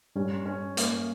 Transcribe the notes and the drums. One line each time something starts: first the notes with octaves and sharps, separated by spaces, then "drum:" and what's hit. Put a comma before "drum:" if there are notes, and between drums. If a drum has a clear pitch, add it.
G2 G3 C#4
C#4
A#3, drum: hi-hat